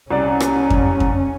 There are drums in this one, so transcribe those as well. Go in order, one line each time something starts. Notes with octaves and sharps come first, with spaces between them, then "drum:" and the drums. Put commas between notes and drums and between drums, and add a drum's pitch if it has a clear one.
C2 C#4 D5
drum: rim click
drum: kick F2
drum: kick F2